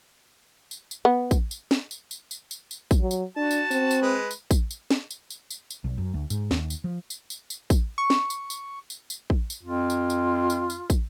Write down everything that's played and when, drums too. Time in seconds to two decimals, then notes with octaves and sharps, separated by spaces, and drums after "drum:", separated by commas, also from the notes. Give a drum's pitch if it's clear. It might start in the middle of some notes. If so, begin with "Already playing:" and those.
0.71 drum: tambourine
0.91 drum: tambourine
1.05 B3
1.31 drum: kick, tambourine
1.51 drum: tambourine
1.71 drum: snare
1.91 drum: tambourine
2.11 drum: tambourine
2.31 drum: tambourine
2.51 drum: tambourine
2.71 drum: tambourine
2.91 drum: kick, tambourine
3.01 F#3
3.11 drum: tambourine
3.36 D4 F#4 A5
3.51 drum: tambourine
3.71 C4, drum: tambourine
3.91 drum: tambourine
4.02 G#3 B4
4.31 drum: tambourine
4.51 drum: kick, tambourine
4.71 drum: tambourine
4.91 drum: snare
5.11 drum: tambourine
5.30 drum: tambourine
5.50 drum: tambourine
5.70 drum: tambourine
5.84 B1
5.98 F#2
6.14 D2
6.30 G#2, drum: tambourine
6.51 D#2, drum: snare
6.70 drum: tambourine
6.84 F3
7.10 drum: tambourine
7.30 drum: tambourine
7.50 drum: tambourine
7.70 drum: kick, tambourine
7.98 C#6
8.10 drum: snare
8.30 drum: tambourine
8.50 drum: tambourine
8.90 drum: tambourine
9.10 drum: tambourine
9.30 drum: kick
9.50 drum: tambourine
9.63 F2 F4
9.90 drum: tambourine
10.10 drum: tambourine
10.50 drum: tambourine
10.70 drum: tambourine
10.90 drum: kick, tambourine